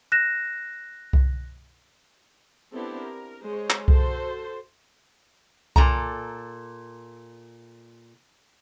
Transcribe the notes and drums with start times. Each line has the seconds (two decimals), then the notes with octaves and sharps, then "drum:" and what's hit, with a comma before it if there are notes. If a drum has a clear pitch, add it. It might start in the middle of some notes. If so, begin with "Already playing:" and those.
0.12 F#6 A#6 E7
1.13 drum: kick C2
2.73 B3 C4 D4 E4 G4 A4
3.02 A#4
3.44 G#3 C5 C#5
3.70 drum: clap
3.88 F#4 A4 C5, drum: kick C2
5.76 A#2 A4 A#5, drum: kick C2